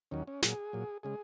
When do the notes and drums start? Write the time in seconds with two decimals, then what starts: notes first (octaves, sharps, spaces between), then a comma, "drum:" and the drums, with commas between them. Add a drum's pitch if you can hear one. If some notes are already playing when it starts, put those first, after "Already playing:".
0.11 D#2 D#3 F#3 C#4
0.27 C#4
0.42 A#2 F#3 G#4, drum: snare
0.73 A#2 F#3
1.03 C#3 G#3 G#4